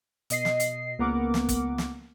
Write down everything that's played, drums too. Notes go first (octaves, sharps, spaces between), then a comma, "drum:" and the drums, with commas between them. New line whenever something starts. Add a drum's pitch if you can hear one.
B2 D#5 C7, drum: hi-hat
drum: snare
drum: hi-hat
C#2 A#3 B3 A#4 F#5 D6
drum: snare
drum: kick, hi-hat
drum: snare